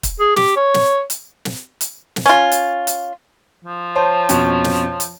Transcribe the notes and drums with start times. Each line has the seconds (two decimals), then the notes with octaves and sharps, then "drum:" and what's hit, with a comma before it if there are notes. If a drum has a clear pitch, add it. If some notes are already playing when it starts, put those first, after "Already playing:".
0.03 drum: kick, hi-hat
0.20 G#4
0.36 G4, drum: snare
0.56 C#5
0.74 drum: snare
1.10 drum: hi-hat
1.45 drum: snare
1.81 drum: hi-hat
2.16 drum: snare
2.26 C#4 F4
2.52 drum: hi-hat
2.87 drum: hi-hat
3.65 F3
3.96 C5 C#5 A5
4.29 F2 B2 C#4, drum: hi-hat
4.64 drum: snare
5.00 drum: hi-hat